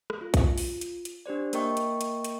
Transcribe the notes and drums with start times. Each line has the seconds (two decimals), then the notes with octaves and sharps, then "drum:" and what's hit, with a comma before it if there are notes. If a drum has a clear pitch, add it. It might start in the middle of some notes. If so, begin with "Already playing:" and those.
0.10 drum: rim click
0.21 F4
0.34 drum: kick, hi-hat
0.58 drum: open hi-hat
0.81 drum: hi-hat
1.05 drum: hi-hat
1.26 D4 G4 C5 D5
1.53 A#3 A#4 D#5 G5 C#6, drum: hi-hat
1.77 drum: hi-hat
2.01 drum: hi-hat
2.24 drum: hi-hat